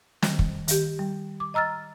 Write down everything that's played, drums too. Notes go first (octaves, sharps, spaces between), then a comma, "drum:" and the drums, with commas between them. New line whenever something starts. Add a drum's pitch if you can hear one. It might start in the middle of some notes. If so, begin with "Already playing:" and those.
D#3 G3, drum: snare
drum: kick
D#3 G4, drum: hi-hat
G3
D6
D#5 A#5 E6 F6 A6